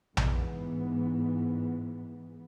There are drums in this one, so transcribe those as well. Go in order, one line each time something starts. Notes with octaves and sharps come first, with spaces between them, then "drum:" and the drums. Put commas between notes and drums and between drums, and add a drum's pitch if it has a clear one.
G#2 E3 B3, drum: tom A#1